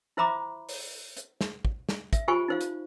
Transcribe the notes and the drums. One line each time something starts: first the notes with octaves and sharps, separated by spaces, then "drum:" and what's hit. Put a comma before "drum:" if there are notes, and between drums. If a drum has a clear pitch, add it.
E4 C5 E5 A#5 B5 D6
drum: open hi-hat
drum: hi-hat
drum: snare
drum: kick
drum: snare
E5, drum: kick, hi-hat
F4 G4 C5 G#5 B5 C#6
D#4 C5 F5
drum: hi-hat